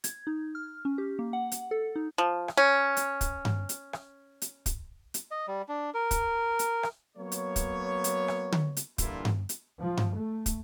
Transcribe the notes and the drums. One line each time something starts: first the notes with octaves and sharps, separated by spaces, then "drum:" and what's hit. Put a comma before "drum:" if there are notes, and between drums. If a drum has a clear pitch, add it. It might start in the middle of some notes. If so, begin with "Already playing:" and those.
G#6, drum: hi-hat
D#4
F6
C#4
G4
A#3
F#5
drum: hi-hat
A4
D#4
F3
drum: rim click
C#4
drum: hi-hat
drum: kick, hi-hat
drum: tom G2
drum: hi-hat
drum: rim click
drum: hi-hat
drum: kick, hi-hat
drum: hi-hat
D#5
G3
D4
A#4
drum: kick, hi-hat
drum: hi-hat
drum: rim click
F#3 A#3 B3 C#5
drum: hi-hat
drum: kick, hi-hat
drum: hi-hat
drum: rim click
drum: tom D3
drum: hi-hat
G2 A#2 D3 E3 E4 F4, drum: kick, hi-hat
drum: tom G2
drum: hi-hat
F3
drum: tom G2
A3
drum: kick, hi-hat